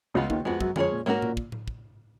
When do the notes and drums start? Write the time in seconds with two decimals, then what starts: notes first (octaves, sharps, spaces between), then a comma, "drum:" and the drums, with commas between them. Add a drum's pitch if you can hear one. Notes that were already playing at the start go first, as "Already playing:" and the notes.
0.14 C#2 C#3 B3 F4 B4 D#5
0.30 D#2 D#3, drum: kick
0.45 F2 F3 G#3 B3 F#4
0.61 F#2 F#3, drum: kick
0.76 F2 F3 G#3 C#4 F4 G#4 C#5, drum: tom D3
0.92 A#2
1.06 G#2 A#3 C#4 F#4 A#4
1.22 A#2, drum: tom A2
1.37 drum: kick
1.52 drum: tom A2
1.68 drum: kick